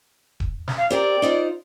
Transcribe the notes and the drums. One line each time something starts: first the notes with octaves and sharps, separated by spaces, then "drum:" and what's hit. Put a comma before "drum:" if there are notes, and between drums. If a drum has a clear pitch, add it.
drum: kick D#1
drum: snare
F5
C4 G4 A#4 D5
D#4 F4 C5